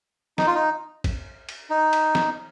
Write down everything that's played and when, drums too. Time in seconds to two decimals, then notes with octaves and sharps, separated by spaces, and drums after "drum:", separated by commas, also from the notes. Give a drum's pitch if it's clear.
0.38 D#4, drum: snare
0.47 F4
0.55 D#4
1.04 drum: kick, cymbal
1.49 drum: cymbal
1.70 D#4
1.93 drum: cymbal
2.15 drum: snare